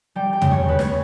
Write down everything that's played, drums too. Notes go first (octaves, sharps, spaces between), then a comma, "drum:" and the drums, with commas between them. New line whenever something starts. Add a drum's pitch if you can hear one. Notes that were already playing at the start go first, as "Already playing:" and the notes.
G3 G5
G5
C#3, drum: tom
C#5
C#3 B4
C#5, drum: snare